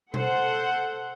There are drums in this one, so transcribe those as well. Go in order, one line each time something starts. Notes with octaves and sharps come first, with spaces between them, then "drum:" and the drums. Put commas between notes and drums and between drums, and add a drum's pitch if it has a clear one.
A4 C5 F#5, drum: tom B2